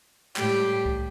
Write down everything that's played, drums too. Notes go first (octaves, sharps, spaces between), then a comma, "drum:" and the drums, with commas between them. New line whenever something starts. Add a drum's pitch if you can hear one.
A2 G3 G4, drum: clap
drum: kick C2